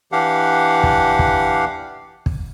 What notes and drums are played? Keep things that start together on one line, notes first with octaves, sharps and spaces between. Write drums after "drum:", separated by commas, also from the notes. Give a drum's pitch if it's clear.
E3 D4 G4 F5 F#5
drum: kick
drum: kick
drum: kick